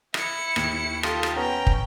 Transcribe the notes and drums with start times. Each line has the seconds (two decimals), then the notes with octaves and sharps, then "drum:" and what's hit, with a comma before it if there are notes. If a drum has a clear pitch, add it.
0.14 E4 C#7, drum: rim click
0.56 D#2, drum: rim click
1.03 F4 G4 A4 A5 D#6, drum: rim click
1.23 drum: rim click
1.36 B3 C#4 G5 A#5
1.67 drum: kick